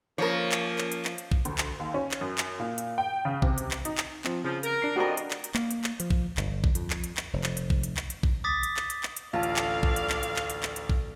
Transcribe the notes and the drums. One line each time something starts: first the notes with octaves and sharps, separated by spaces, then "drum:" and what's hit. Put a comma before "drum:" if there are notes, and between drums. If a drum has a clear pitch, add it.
F3 A#3 C#4 A#4 C#5
drum: clap
drum: clap
drum: hi-hat
drum: clap
drum: hi-hat
drum: kick
D2, drum: hi-hat
drum: clap
D#2
C#4
drum: clap
F#2
drum: clap
A#2
drum: hi-hat
G5
C#3
C3, drum: kick
drum: hi-hat
drum: clap
D#4, drum: hi-hat
drum: clap
F3 C4, drum: clap
C#3 F3
A#4, drum: hi-hat
D4 C7
F2 G3 F#4 A#4 D#5
drum: hi-hat
drum: clap
drum: hi-hat
A#3, drum: clap
drum: hi-hat
drum: clap
F3, drum: hi-hat
drum: kick
G1, drum: clap
drum: kick
F2, drum: hi-hat
drum: clap
drum: hi-hat
drum: clap
F1
drum: clap
drum: hi-hat
drum: kick
drum: hi-hat
drum: clap
drum: hi-hat
drum: kick
D6 D#6 A6 B6
drum: hi-hat
drum: clap
drum: hi-hat
drum: clap
drum: hi-hat
A1 D2 F4 D5 F5 A5
drum: hi-hat
drum: clap
drum: kick
drum: hi-hat
drum: clap
drum: hi-hat
drum: clap
drum: hi-hat
drum: clap
drum: hi-hat
drum: kick